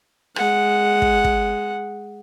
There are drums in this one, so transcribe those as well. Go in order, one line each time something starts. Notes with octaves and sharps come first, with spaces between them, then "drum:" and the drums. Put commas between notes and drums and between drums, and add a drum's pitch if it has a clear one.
G#3 F#5, drum: rim click
drum: kick
drum: kick